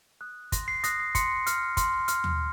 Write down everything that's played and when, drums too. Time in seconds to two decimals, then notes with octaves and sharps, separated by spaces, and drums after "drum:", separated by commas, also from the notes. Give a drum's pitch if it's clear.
0.21 D#6 F#6
0.52 C6 A#6, drum: kick, hi-hat
0.68 C7
0.84 D#6 F#6 A#6, drum: hi-hat
1.00 C7
1.15 C6 C#7, drum: kick, hi-hat
1.47 F6, drum: hi-hat
1.77 C6, drum: kick, hi-hat
2.08 F6, drum: hi-hat
2.24 drum: tom D#2